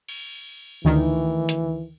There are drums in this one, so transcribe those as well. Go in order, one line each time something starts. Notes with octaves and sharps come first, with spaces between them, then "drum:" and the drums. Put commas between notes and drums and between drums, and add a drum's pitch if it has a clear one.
drum: cymbal
D2 D#3 E3
drum: hi-hat